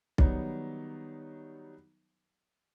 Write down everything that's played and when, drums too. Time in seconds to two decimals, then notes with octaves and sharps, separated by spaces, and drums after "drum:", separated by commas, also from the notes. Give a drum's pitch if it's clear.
0.18 D#3 F#3 G3 B3 D#4, drum: kick B1